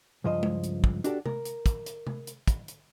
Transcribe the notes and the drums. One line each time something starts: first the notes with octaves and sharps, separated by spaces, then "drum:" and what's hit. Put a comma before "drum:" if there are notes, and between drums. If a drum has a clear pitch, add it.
C#2 G2 F3 C5 D#5
drum: tom G#3
drum: hi-hat
drum: kick
D4 F#4 G4 A4 D5, drum: hi-hat
A#4, drum: tom
drum: hi-hat
drum: kick, hi-hat
drum: hi-hat
drum: tom
drum: hi-hat
drum: kick, hi-hat
drum: hi-hat